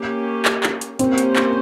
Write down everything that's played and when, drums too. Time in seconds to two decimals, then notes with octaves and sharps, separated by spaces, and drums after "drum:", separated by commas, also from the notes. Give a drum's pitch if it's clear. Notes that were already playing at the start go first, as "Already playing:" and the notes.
Already playing: A#3 C#4 G4
0.45 drum: clap
0.63 drum: clap
0.81 drum: hi-hat
0.99 A#3 C4 C#4 G4 C5, drum: hi-hat
1.18 drum: hi-hat
1.36 drum: clap